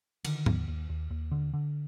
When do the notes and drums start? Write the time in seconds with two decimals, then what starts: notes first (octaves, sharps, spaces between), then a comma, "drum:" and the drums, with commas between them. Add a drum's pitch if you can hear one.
0.25 D3 D#3, drum: cymbal
0.46 D#2, drum: tom G#2
0.68 D#2
0.89 D#2
1.10 D#2
1.31 D3
1.54 D3